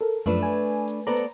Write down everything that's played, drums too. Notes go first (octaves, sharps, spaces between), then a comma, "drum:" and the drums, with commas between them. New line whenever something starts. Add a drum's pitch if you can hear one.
A4 A#4
F#2 F3 A3 D4 B4
G#5
drum: hi-hat
B3 A4 B4 C5 D5 A#5
drum: hi-hat